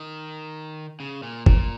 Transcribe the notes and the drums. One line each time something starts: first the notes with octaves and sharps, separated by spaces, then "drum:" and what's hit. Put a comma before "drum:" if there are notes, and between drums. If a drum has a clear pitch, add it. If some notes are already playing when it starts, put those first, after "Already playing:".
Already playing: D#3
C#3
A#2
A#2, drum: kick